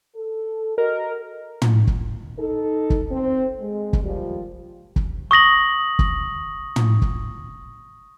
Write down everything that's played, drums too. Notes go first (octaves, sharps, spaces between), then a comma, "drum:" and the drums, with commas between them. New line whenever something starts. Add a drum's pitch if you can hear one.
A4
F#4 A#4 D#5
drum: tom
drum: kick
D#4 A4
drum: kick
C4
G#3
drum: kick
A#2 F3 G3
drum: kick
C#6 D#6 A#6 F#7
drum: kick
drum: tom
drum: kick